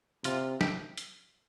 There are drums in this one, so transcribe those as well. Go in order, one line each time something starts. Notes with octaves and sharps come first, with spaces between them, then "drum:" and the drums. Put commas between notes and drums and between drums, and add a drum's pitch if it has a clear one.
C3 F4, drum: hi-hat
G4, drum: snare
drum: hi-hat